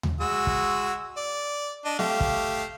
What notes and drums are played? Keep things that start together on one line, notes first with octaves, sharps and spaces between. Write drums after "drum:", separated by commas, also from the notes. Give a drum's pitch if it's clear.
drum: tom D#2
G#3 F#4 E6
drum: kick
D5
D4 D#5
A3 G4 F5, drum: snare
drum: kick